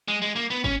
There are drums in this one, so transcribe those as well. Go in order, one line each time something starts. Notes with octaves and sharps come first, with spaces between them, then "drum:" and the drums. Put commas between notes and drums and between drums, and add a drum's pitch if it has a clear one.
G#3
G#3
A#3
B3
C#4, drum: kick